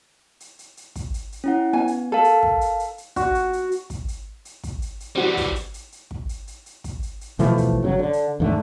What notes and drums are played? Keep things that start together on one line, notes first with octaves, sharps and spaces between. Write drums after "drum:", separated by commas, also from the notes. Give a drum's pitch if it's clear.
drum: hi-hat
drum: hi-hat
drum: hi-hat
drum: kick, hi-hat
drum: hi-hat
drum: hi-hat
C#4 E4 F#5
B3 G#5
drum: hi-hat
A4 A#4 F5
drum: hi-hat
drum: kick
drum: hi-hat
drum: hi-hat
drum: hi-hat
F#4, drum: kick, hi-hat
drum: hi-hat
drum: hi-hat
drum: hi-hat
drum: kick, hi-hat
drum: hi-hat
drum: hi-hat
drum: kick, hi-hat
drum: hi-hat
drum: hi-hat
E3 G3 C4 F#4
drum: kick, hi-hat
drum: hi-hat
drum: hi-hat
drum: hi-hat
drum: kick
drum: hi-hat
drum: hi-hat
drum: hi-hat
drum: kick, hi-hat
drum: hi-hat
drum: hi-hat
B2 E3 F3 A3, drum: hi-hat
drum: kick, hi-hat
G1 C#3 F#3
D3
drum: hi-hat
E2 G#2 D3 A3